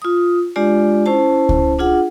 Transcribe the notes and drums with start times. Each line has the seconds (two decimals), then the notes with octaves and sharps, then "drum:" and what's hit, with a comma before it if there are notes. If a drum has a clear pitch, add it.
0.02 F4 D#6
0.56 G#3 D4 F4 G4 D5
1.06 C#4 E4 C5 A5
1.49 drum: kick C#2
1.79 D4 F4 G#4 F#5